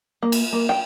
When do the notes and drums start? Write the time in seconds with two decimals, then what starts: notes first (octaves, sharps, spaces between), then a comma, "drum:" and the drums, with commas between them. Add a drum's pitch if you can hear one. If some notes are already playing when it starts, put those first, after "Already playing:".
0.23 A#3
0.32 drum: cymbal
0.53 A#3
0.69 G5